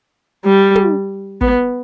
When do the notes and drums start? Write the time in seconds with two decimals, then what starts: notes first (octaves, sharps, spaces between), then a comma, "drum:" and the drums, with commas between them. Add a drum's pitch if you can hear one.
0.45 G3
0.75 drum: tom
1.41 B3, drum: kick